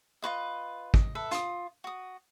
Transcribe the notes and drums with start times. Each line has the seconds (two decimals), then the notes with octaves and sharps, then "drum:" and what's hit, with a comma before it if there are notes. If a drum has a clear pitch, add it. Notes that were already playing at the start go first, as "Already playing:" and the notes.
0.22 F4 F#4 B4 D#5
0.94 D#5, drum: kick
1.15 A4 B4 E5
1.31 F4 D#6, drum: hi-hat
1.84 F#4 D#6